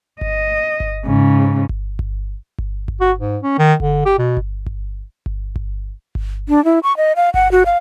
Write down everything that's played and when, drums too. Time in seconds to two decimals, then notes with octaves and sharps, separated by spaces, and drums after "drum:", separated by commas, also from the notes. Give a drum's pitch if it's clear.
0.21 D#5, drum: kick G1
0.80 drum: kick G1
1.06 G#2 C#3
1.69 drum: kick G1
1.99 drum: kick G1
2.58 drum: kick G1
2.88 drum: kick G1
3.01 F#4
3.19 G#2
3.43 C#4
3.59 D#3
3.80 D3, drum: kick G1
4.05 G4
4.18 B2
4.37 drum: kick G1
4.66 drum: kick G1
5.26 drum: kick G1
5.56 drum: kick G1
6.15 drum: kick G1
6.49 D4
6.65 E4
6.83 C#6
6.97 D#5
7.16 F5
7.34 F#5, drum: kick G1
7.51 F#4
7.66 F5